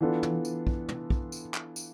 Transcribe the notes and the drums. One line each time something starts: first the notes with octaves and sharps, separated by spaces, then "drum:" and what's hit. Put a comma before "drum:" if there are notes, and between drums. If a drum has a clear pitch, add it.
E3 B3 D4 F4 A4
drum: tom
drum: tambourine
drum: kick
drum: tom
drum: kick
drum: tambourine
drum: clap
drum: tambourine